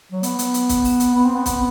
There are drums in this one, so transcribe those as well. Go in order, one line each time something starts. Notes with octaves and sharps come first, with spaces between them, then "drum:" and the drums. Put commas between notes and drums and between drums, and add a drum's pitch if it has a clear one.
F#3
B3, drum: hi-hat
drum: hi-hat
drum: hi-hat
drum: kick, hi-hat
drum: open hi-hat
drum: hi-hat
B3
C4
B3
drum: kick, hi-hat